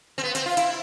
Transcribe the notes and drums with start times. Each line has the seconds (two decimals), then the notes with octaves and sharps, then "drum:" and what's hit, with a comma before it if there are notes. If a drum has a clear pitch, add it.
0.18 C4
0.23 B3
0.35 C4, drum: hi-hat
0.46 F4
0.57 E4, drum: hi-hat